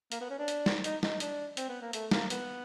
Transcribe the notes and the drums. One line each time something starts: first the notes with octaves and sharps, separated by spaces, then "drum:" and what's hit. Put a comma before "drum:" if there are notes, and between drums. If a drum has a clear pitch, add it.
A#3, drum: hi-hat
B3
C#4
D4
drum: hi-hat
drum: snare
D#4, drum: hi-hat
D#4, drum: snare
D4, drum: hi-hat
C4, drum: hi-hat
B3
A#3
A3, drum: hi-hat
A#3, drum: snare
B3, drum: hi-hat